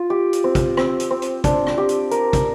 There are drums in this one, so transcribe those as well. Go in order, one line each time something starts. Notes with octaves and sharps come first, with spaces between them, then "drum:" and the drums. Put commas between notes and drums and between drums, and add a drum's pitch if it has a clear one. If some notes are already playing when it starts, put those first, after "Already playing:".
Already playing: F4
G4
drum: hi-hat
C4
drum: kick, hi-hat
C4, drum: rim click
drum: hi-hat
C4
drum: hi-hat
D4, drum: kick, hi-hat
drum: rim click
G4
drum: hi-hat
A#4, drum: hi-hat
drum: kick, hi-hat